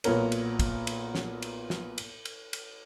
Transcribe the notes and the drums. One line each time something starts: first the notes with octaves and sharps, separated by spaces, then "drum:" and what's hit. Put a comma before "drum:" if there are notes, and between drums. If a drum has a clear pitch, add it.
B1 A#2 B3 A#4 C#5, drum: cymbal
drum: cymbal
drum: kick, cymbal
drum: cymbal
drum: snare
drum: cymbal
drum: snare
drum: cymbal
drum: cymbal
drum: cymbal